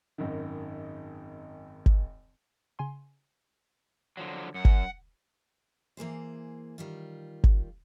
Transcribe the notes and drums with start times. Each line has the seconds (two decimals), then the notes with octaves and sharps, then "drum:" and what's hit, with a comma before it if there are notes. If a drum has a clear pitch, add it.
0.18 G#1 F#2 D#3
1.86 drum: kick G1
2.79 C#3 G#5 C6
4.17 D3 F3 F#3
4.54 F#2 F#5
4.65 drum: kick G1
5.97 E3 A#3 G#4 C5
6.78 D#3 G3 F4
7.44 drum: kick G1